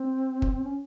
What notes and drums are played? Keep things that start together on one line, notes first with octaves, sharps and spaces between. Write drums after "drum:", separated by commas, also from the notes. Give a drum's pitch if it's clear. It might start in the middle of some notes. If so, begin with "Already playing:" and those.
Already playing: C4
drum: kick
C#4